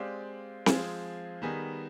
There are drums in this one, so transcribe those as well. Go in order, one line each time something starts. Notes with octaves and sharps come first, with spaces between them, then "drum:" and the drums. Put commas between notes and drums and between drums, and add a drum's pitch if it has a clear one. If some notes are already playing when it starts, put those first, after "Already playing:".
Already playing: G#3 C4 G4 D5 F5
F3 G#3 C4 F4 G#4, drum: snare C4
D#3 G3 B3 D#4 G#4